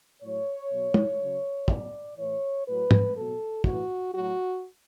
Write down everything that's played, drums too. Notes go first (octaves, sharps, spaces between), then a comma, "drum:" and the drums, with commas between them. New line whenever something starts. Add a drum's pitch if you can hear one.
A2 F#3 C#5
B2 F#3
drum: tom
C#3 F#3
B2 F#3 D5, drum: kick
A2 E3 C#5
A2 F#3 B4
drum: tom
B2 F#3 A4
A2 E3 F#4, drum: kick
A2 F#3 F#4